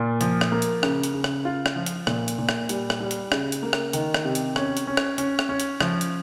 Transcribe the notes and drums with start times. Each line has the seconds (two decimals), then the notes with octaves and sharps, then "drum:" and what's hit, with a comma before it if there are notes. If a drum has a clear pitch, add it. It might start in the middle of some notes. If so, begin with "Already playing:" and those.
Already playing: A#2 F4
0.21 F3, drum: hi-hat
0.41 drum: rim click
0.52 A#3
0.62 drum: hi-hat
0.83 C#3, drum: rim click
1.03 drum: hi-hat
1.14 C#3
1.24 drum: rim click
1.45 F4
1.66 drum: rim click
1.76 F3
1.86 drum: hi-hat
2.07 A#2, drum: rim click
2.28 drum: hi-hat
2.39 A#2
2.49 drum: rim click
2.69 G3, drum: hi-hat
2.90 drum: rim click
3.00 G3
3.11 drum: hi-hat
3.32 C#3, drum: rim click
3.52 drum: hi-hat
3.63 A#3
3.73 drum: rim click
3.93 D#3, drum: hi-hat
4.14 drum: rim click
4.25 C3
4.35 drum: hi-hat
4.56 C#4, drum: rim click
4.77 drum: hi-hat
4.87 C#4
4.97 drum: rim click
5.18 C#4, drum: hi-hat
5.39 drum: rim click
5.49 C#4
5.60 drum: hi-hat
5.81 F3, drum: rim click
6.01 drum: hi-hat